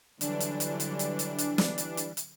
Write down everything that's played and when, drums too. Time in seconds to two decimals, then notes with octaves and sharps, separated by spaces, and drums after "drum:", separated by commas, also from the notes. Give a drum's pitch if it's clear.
0.21 D3 E3 F#3 G3 D4, drum: hi-hat
0.40 drum: hi-hat
0.60 drum: hi-hat
0.80 drum: hi-hat
0.99 drum: hi-hat
1.19 drum: hi-hat
1.38 drum: hi-hat
1.58 drum: snare
1.78 drum: hi-hat
1.97 drum: hi-hat
2.17 drum: hi-hat